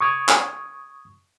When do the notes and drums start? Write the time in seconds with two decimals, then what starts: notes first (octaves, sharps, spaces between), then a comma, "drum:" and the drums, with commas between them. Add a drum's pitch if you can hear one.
0.01 C#6 D#6 G#6
0.29 drum: clap